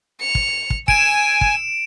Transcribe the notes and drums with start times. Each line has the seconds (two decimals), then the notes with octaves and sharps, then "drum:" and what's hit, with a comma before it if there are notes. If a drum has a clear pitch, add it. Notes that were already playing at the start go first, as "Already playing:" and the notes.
0.20 C#7 F7
0.35 drum: kick
0.70 drum: kick
0.88 G#5 E6 D7 E7, drum: kick
1.41 drum: kick